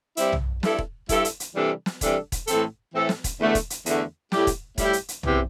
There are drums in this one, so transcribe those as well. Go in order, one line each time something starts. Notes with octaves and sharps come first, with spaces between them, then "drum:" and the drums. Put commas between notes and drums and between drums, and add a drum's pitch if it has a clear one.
G2 G3 C4 E4, drum: hi-hat
drum: tom B1
G2 G3 E4 A4, drum: snare
drum: kick E1
G2 G3 E4 A4, drum: kick E1, hi-hat
drum: hi-hat
drum: hi-hat
C3 E3 G3 D4 A4
drum: snare
C3 E3 G3 D4 A4, drum: kick E1, hi-hat
drum: kick E1, hi-hat
A2 E3 C4 A4, drum: hi-hat
A2 E3 C4 A4
drum: snare
drum: kick E1, hi-hat
E2 D3 A3
drum: kick E1, hi-hat
drum: hi-hat
E2 D3 A3, drum: hi-hat
A2 G3 E4 G4, drum: snare
drum: kick E1, hi-hat
A2 G3 E4 G4, drum: kick E1, hi-hat
drum: hi-hat
drum: hi-hat
E2 C3 E3 C4 G4, drum: tom B1